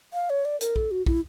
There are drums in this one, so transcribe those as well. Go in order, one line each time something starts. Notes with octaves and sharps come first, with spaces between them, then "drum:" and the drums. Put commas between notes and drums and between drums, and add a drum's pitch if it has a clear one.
F5
C#5
D5
A#4, drum: hi-hat
A4, drum: kick
F#4
E4, drum: kick